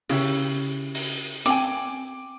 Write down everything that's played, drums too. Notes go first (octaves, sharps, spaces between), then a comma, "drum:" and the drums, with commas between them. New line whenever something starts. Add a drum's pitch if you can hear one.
C#3 C#4 E4 G4, drum: open hi-hat
drum: open hi-hat
C4 G5 G#5 D6, drum: hi-hat